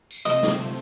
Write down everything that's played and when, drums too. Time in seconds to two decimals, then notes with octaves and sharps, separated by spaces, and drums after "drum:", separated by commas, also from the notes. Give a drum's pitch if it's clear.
0.11 drum: tambourine
0.25 C3 F3 A3 C4 D#5
0.43 drum: snare